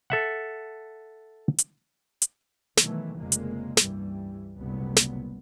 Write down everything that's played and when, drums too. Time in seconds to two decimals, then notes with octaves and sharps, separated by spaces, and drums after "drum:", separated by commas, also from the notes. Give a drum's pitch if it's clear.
0.10 A4 E5 F#5
1.58 drum: hi-hat
2.22 drum: hi-hat
2.77 B2 D#3 E3 F#3 A3, drum: snare
3.18 F1 F2 A#2 C#3 G#3 A#3
3.32 drum: hi-hat
3.77 C#2 G2 E3 G3, drum: snare
4.56 F#1 C2 A#2 F#3 A3 B3
4.97 drum: snare